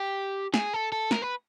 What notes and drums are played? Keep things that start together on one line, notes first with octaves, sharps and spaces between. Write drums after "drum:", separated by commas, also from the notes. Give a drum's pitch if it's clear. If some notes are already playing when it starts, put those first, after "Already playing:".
Already playing: G4
G#4, drum: snare
A4
A4
A#4, drum: snare
B4